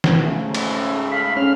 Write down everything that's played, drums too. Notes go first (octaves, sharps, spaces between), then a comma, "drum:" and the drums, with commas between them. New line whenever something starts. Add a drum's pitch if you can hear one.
drum: snare
G#2 C#3 A3
drum: cymbal
F5 B5
C#4 F6